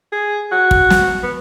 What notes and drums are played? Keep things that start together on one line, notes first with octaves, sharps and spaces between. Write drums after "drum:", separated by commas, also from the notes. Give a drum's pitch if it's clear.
G#4
F#4
drum: kick
drum: snare
B3